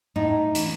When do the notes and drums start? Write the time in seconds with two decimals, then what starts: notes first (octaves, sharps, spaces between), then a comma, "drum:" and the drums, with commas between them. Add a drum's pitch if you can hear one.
0.16 A2 D#4
0.55 E3, drum: hi-hat